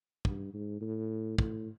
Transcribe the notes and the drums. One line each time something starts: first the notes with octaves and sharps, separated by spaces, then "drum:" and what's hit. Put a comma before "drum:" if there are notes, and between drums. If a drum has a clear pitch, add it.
G2, drum: kick
G#2
A2
A2, drum: kick